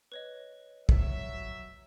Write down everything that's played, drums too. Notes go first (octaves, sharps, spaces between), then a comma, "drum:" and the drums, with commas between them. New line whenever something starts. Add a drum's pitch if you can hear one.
B4 C#5 D#5
F#3 E5, drum: kick